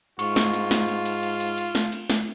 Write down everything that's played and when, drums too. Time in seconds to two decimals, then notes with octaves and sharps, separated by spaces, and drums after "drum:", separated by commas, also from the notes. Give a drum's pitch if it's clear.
0.19 G#2 F4 C#6, drum: cymbal
0.36 drum: snare
0.54 drum: cymbal
0.71 drum: snare
0.88 drum: cymbal
1.06 drum: cymbal
1.23 drum: cymbal
1.40 drum: cymbal
1.58 drum: cymbal
1.75 drum: snare
1.92 drum: cymbal
2.10 drum: snare